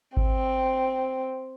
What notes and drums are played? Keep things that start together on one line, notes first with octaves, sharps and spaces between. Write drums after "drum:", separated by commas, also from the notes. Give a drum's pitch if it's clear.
C4, drum: kick G#1